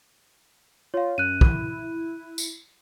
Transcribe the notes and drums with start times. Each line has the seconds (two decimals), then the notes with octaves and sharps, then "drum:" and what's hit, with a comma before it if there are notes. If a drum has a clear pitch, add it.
0.94 F4 C#5 F5
1.18 F#2 F#6 D#7
1.41 E4, drum: kick
2.38 drum: tambourine